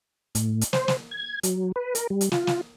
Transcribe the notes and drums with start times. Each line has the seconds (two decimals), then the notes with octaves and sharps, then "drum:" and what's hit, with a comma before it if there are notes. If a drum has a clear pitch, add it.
0.35 A2, drum: hi-hat
0.61 drum: hi-hat
0.73 C5, drum: snare
0.88 drum: snare
1.11 G#6
1.43 F#3, drum: hi-hat
1.76 B4
1.95 A#4, drum: hi-hat
2.10 G3
2.21 drum: hi-hat
2.32 F4, drum: snare
2.47 drum: snare